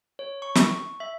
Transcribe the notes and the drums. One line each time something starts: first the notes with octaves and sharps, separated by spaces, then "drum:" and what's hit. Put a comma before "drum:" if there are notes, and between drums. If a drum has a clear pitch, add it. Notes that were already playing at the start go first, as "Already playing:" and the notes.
C#5
C#6
drum: snare
E5